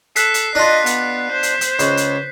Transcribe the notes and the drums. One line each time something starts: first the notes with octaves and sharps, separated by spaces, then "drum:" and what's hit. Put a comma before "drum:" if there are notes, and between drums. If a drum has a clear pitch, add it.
A4 F#6 B6 C7, drum: hi-hat
drum: hi-hat
D4 F4 D#5
B3, drum: hi-hat
C5
drum: hi-hat
drum: hi-hat
C#2, drum: hi-hat
drum: hi-hat